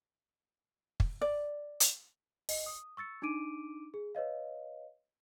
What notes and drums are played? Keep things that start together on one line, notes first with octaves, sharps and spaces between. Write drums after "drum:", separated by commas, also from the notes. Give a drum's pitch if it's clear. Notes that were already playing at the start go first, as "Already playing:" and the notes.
drum: kick
D5
drum: hi-hat
D#5, drum: open hi-hat
D#6
C#6 E6 A6 C#7
D4 D#4 D6 D7 D#7
G#4
B4 C#5 D#5 F5